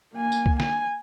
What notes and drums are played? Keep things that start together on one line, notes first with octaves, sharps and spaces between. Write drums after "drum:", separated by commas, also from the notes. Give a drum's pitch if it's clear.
A#3 G#5
drum: tambourine
drum: kick
G#5, drum: snare